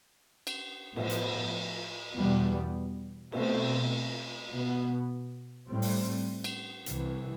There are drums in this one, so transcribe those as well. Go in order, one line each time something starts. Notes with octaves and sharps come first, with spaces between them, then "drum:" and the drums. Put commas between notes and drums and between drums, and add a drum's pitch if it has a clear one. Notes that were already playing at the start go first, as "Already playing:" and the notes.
drum: cymbal
A2 F3 B3, drum: cymbal
drum: hi-hat
E2 B2 G3 B3
B2 A3 C4, drum: cymbal
B2 B3
A2 G3 C4
drum: open hi-hat
drum: cymbal
C2 C3 E3, drum: hi-hat